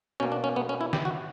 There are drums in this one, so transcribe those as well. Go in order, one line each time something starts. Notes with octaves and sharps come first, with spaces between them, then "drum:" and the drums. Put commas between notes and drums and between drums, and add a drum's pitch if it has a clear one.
B2 A#3 C#4
D4
C#4
B3
C#4
E4
G4, drum: snare
F#4